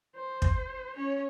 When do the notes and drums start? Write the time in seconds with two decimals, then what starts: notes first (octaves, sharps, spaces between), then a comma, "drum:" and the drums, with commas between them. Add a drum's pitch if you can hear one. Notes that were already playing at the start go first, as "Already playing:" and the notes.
0.16 C5
0.42 drum: kick
0.96 C#4 C#5